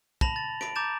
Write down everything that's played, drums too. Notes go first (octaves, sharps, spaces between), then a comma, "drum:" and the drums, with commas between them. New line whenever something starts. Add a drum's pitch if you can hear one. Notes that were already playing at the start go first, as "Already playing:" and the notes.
A5 B5 A#6 F7 F#7, drum: kick
A6
D7, drum: rim click
A#5 D6 G6 A6 E7